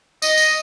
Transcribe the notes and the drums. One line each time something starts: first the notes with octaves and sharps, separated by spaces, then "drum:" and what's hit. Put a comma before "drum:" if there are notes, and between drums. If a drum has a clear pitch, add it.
D#5, drum: tambourine
drum: tambourine